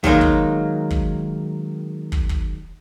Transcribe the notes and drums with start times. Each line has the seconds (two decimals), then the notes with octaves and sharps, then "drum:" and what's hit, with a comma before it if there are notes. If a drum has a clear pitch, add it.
0.04 D#3 F#3 G#3 A#3, drum: kick
0.21 drum: kick
0.90 drum: kick
2.12 drum: kick
2.29 drum: kick